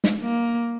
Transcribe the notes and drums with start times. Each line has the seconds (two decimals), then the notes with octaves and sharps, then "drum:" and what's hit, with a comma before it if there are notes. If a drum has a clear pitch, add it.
0.04 drum: snare
0.22 A#3